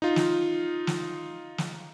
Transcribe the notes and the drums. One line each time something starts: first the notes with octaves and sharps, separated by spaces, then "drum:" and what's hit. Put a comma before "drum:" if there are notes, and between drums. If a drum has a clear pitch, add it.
D#4 F4
drum: snare
drum: snare
drum: snare